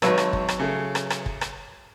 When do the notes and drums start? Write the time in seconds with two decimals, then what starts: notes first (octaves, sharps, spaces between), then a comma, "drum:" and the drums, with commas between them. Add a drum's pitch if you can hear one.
0.02 G#1 F#3 B4 C#5 E6, drum: rim click
0.18 drum: rim click
0.33 drum: kick
0.48 drum: rim click
0.59 C#3 A3
0.95 drum: rim click
1.10 drum: rim click
1.26 drum: kick
1.41 drum: rim click